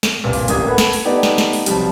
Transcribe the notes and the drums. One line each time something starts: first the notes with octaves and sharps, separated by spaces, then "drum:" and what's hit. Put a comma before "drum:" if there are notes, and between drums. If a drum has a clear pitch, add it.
drum: snare
G1 C2 A#2
drum: open hi-hat
D#1 A1 A#3 G4 D#6 G#6, drum: hi-hat
A4 B4 F#5
drum: snare
drum: open hi-hat
A3 B3 D#4 G4 B4 D5
drum: snare
drum: snare
drum: open hi-hat
B1 C3 F3 G3, drum: hi-hat